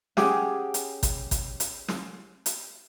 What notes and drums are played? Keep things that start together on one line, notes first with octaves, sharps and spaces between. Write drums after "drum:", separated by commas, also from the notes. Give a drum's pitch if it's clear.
C#4 G4 G#4 F#5, drum: snare
drum: hi-hat
drum: kick G#1, hi-hat
drum: kick G#1, hi-hat
drum: hi-hat
drum: snare
drum: hi-hat